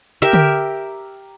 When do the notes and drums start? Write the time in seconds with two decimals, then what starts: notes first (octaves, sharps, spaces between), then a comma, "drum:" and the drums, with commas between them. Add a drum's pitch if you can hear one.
0.22 G4 A#4 E5
0.33 drum: tom D3